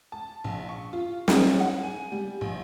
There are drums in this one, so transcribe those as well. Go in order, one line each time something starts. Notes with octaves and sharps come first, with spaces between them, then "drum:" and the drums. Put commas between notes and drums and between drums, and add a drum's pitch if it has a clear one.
A5
A#1
C#6
F4
D#4, drum: snare
F#5
G#5
G3
A#1